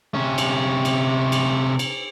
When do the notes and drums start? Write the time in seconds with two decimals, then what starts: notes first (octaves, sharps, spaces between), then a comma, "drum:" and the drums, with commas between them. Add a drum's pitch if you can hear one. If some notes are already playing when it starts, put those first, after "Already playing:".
0.14 C3 C#4
0.38 drum: cymbal
0.85 drum: cymbal
1.32 drum: cymbal
1.79 drum: cymbal